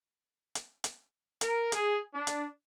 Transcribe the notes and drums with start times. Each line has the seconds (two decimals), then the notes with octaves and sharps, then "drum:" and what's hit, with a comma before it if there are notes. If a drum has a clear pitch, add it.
0.55 drum: hi-hat
0.84 drum: hi-hat
1.41 A#4, drum: hi-hat
1.72 G#4, drum: hi-hat
2.14 D4
2.27 drum: hi-hat